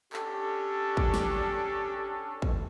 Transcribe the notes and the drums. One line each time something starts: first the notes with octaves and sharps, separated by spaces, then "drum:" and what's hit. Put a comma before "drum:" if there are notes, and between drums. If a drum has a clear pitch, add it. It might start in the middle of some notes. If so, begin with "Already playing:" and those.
C#4 D4 G4 A4, drum: clap
drum: kick
drum: snare
drum: kick